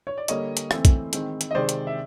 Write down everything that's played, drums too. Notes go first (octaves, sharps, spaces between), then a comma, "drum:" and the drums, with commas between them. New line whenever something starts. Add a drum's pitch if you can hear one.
C#5
D5
D3 G3 A#3 C#5 D#5, drum: hi-hat
drum: hi-hat
E3 A3 C4, drum: rim click
drum: kick A#1, hi-hat
D#3 G#3 C4, drum: hi-hat
drum: hi-hat
D#5
C3 D#3 G#3 C4 C5 D5
drum: hi-hat
E5